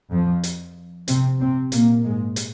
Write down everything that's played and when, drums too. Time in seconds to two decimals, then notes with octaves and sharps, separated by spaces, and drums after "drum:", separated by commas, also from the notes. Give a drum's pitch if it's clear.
0.11 F2 F3
0.43 drum: hi-hat
1.08 C3 C4, drum: hi-hat
1.39 C3 C4
1.72 A#2 A#3, drum: hi-hat
2.04 G#2 G#3
2.36 drum: hi-hat